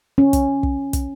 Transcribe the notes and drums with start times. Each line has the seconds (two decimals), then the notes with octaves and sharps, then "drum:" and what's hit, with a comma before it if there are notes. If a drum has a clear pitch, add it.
0.18 C#4
0.33 drum: kick, hi-hat
0.63 drum: kick
0.93 drum: kick, hi-hat